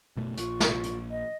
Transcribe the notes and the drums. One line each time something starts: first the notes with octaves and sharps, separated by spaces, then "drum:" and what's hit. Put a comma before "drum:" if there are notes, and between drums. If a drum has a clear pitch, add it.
F#1 B2 A3
A#1 F4 C#6, drum: hi-hat
drum: snare
drum: hi-hat
D#5